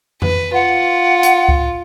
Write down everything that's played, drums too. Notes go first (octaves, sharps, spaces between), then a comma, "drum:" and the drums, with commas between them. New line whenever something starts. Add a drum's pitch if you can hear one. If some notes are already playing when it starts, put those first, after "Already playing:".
B4, drum: tom F2
F4 F#5
drum: hi-hat
drum: kick C#2